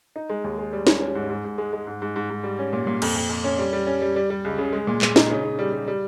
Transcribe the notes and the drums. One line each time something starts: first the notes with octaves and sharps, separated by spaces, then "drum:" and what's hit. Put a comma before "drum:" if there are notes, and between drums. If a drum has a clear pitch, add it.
D#4
G#3
D#2
G#3
G3
C#4, drum: snare
C#4
G#2
G#2
G#2
G#3
G#3
G#2
G#2
G#2
G#2
G3
C#4
A#2
A#2
F2, drum: cymbal
F2
F2
C#4
G3
G3
C#4
G3
G3
G3
C#2
C#3
G#3
A#2
A#2, drum: clap
D#4, drum: snare
C#3
C#3
G3
G3
G3